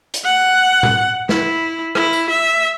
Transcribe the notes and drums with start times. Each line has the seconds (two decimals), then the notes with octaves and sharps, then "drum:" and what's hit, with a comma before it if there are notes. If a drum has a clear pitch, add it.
0.14 drum: hi-hat
0.25 F#5
0.83 drum: tom A#2
1.29 E4, drum: snare
1.95 E4, drum: rim click
2.13 drum: tambourine
2.30 E5